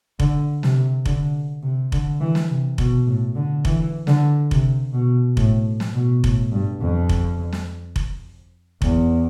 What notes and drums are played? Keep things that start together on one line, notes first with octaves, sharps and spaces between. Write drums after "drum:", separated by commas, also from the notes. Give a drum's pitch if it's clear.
D3, drum: kick F1
C3, drum: snare
D3, drum: kick F1
C3
D3, drum: kick F1
E3
drum: snare
C3
B2, drum: kick F1
A2
D3
E3, drum: kick F1
D3, drum: snare
C3, drum: kick F1
B2
A2, drum: kick F1
drum: snare
B2
A2, drum: kick F1
G2
F2
drum: kick F1
drum: snare
drum: kick F1
E2, drum: kick F1